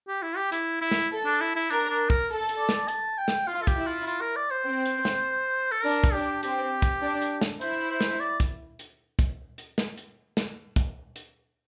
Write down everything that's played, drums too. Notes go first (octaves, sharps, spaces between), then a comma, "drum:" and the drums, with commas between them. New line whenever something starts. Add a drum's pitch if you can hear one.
G4
E4
G4
E4, drum: hi-hat
E4
drum: snare
A4
D4
E4
E4
D4 A#4, drum: hi-hat
D4
A#4, drum: kick
A4
drum: hi-hat
D5
drum: snare
A5, drum: hi-hat
G5
drum: snare
F4 F5
A4
G4, drum: kick, hi-hat
E4
F4
F4, drum: hi-hat
A#4
D5
C5
C4
drum: hi-hat
drum: snare
A4
D4 A#4
drum: kick, hi-hat
D4 G4
C4 G4, drum: hi-hat
drum: kick, hi-hat
D4
drum: hi-hat
drum: snare
E4 C5, drum: hi-hat
C5
drum: snare
D5
drum: kick, hi-hat
drum: hi-hat
drum: kick, hi-hat
drum: hi-hat
drum: snare
drum: hi-hat
drum: snare
drum: kick, hi-hat
drum: hi-hat